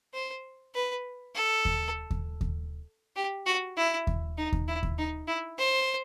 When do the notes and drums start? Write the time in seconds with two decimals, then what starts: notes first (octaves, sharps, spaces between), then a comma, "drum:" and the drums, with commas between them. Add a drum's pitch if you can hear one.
0.14 C5
0.75 B4
1.35 A4
1.65 drum: kick D#2
2.11 drum: kick D#2
2.41 drum: kick D#2
3.16 G4
3.46 F#4
3.77 E4
4.07 drum: kick D#2
4.38 D#4
4.52 drum: kick D#2
4.68 E4
4.83 drum: kick D#2
4.98 D#4
5.27 E4
5.58 C5